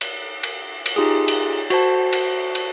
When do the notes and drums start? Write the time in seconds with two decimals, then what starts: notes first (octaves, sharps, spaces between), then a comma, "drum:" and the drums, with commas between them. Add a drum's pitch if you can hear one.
0.01 drum: cymbal
0.43 drum: cymbal
0.86 drum: cymbal
0.96 D#4 F4 G4 G#4
1.28 drum: cymbal
1.70 F#4 C5 A5, drum: cymbal
2.13 drum: cymbal
2.55 drum: cymbal